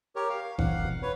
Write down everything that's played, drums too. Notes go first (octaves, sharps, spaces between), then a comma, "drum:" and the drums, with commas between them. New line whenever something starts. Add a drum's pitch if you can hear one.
G4 A#4 C#5
F5
E3 C4 D4 F5 F#5, drum: kick F#1
B2
B4 C#5